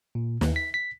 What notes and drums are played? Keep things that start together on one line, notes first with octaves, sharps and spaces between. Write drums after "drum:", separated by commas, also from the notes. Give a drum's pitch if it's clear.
A#2
D#2, drum: snare
B6
B6